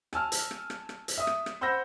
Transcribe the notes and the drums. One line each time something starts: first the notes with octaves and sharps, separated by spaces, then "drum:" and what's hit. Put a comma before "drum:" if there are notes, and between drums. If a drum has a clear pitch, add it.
G#5 A5 E6 F6, drum: rim click
drum: hi-hat
drum: rim click
drum: rim click
drum: rim click
drum: hi-hat
E5 D#6
drum: rim click
drum: rim click
C5 F#5 B5 E6 G6 A#6